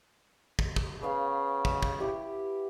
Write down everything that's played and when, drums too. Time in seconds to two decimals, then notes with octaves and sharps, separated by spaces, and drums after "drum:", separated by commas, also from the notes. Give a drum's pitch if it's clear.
0.59 drum: kick
0.76 drum: kick
1.03 C#3 B3 F5 B5
1.65 drum: kick
1.83 drum: kick
2.00 E4 G4